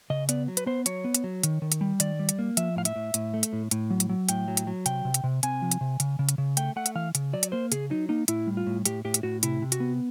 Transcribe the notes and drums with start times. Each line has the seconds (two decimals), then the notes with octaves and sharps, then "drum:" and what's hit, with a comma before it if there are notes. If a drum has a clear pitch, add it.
0.10 C#3 D#5
0.29 B3 D5, drum: hi-hat
0.48 F#3
0.57 B4, drum: hi-hat
0.66 B3 C5
0.86 F#3 C#5, drum: hi-hat
1.04 B3
1.14 drum: hi-hat
1.24 F#3
1.43 D#3, drum: hi-hat
1.62 D#3
1.72 drum: hi-hat
1.81 G3
2.00 D#3 D5, drum: hi-hat
2.19 G3
2.29 drum: hi-hat
2.39 A#3
2.57 F3 E5, drum: hi-hat
2.76 A2 F5
2.85 E5, drum: hi-hat
2.96 A2
3.14 A2, drum: hi-hat
3.34 A3
3.43 drum: hi-hat
3.53 A2
3.71 A2, drum: hi-hat
3.90 F#3
4.00 drum: hi-hat
4.09 F#3
4.29 A2 G5, drum: hi-hat
4.48 F#3
4.57 drum: hi-hat
4.67 F#3
4.86 C3 G5, drum: hi-hat
5.05 C3
5.14 drum: hi-hat
5.24 C3
5.43 C3 G#5, drum: hi-hat
5.62 F3
5.71 drum: hi-hat
5.81 C3
6.00 C#3, drum: hi-hat
6.19 C#3
6.29 drum: hi-hat
6.38 C#3
6.57 A3 G5, drum: hi-hat
6.76 A3 F#5
6.86 drum: hi-hat
6.95 E3 F5
7.15 C#3, drum: hi-hat
7.33 F#3 D5
7.43 drum: hi-hat
7.52 A#3 C5
7.72 C#3 G#4, drum: hi-hat
7.90 F#3 D#4
8.09 A#3 D#4
8.28 A2 E4, drum: hi-hat
8.47 G3
8.57 F4
8.67 A2
8.85 A2 G4, drum: hi-hat
9.05 A2 G4
9.14 drum: hi-hat
9.23 A2 F#4
9.43 C3 E4, drum: hi-hat
9.62 C3
9.72 F#4, drum: hi-hat
9.80 B3